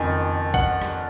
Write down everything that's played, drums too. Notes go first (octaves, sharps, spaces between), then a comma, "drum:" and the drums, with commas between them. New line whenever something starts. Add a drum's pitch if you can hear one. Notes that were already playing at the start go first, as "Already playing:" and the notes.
Already playing: F#1 F2 D#3 G#5
F#5, drum: kick A#1
drum: rim click